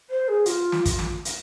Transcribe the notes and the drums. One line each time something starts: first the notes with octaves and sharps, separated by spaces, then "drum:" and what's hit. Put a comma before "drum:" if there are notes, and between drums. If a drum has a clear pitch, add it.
C5
G#4
F4, drum: hi-hat
drum: snare
drum: kick, hi-hat
drum: snare
drum: hi-hat